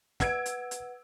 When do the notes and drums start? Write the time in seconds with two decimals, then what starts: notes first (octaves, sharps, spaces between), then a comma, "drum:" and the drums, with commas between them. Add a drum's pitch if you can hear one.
0.20 B4 F#5 E6 G#6 D7, drum: snare
0.46 drum: hi-hat
0.71 drum: hi-hat